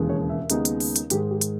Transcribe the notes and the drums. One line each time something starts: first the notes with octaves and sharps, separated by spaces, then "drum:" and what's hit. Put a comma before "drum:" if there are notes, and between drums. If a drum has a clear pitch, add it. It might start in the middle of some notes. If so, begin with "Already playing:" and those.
Already playing: E1 D#2 C#3 E3 G#3
C#5
E5
D#2 C#3 G#3 B3 D#4, drum: hi-hat
drum: hi-hat
drum: open hi-hat
drum: hi-hat
G#2 D#3 G#3 G4, drum: hi-hat
G4
drum: hi-hat